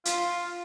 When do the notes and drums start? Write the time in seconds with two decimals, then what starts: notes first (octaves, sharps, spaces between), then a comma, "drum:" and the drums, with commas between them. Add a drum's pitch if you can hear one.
0.05 F4, drum: hi-hat